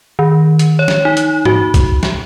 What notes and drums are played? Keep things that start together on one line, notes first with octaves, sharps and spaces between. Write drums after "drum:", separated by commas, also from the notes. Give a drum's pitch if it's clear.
D#3
drum: hi-hat
C#5
drum: snare
D#4
drum: hi-hat
F#4, drum: tom G#2
drum: kick B1, hi-hat
drum: snare